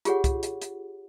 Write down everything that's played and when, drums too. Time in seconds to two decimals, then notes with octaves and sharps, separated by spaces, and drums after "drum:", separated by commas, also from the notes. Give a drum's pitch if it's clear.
0.05 F4 G4 G#4 C#5 F#5, drum: hi-hat
0.24 drum: kick, hi-hat
0.43 drum: hi-hat
0.62 drum: hi-hat